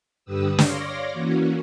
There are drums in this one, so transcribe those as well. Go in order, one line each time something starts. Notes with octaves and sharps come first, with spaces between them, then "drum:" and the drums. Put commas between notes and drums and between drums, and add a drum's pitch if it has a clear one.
G2 D3 G4 B4 D#6 E6
C#5 D5 F5 C6 D6 A#6, drum: snare
E3 A#3 C#4 F#4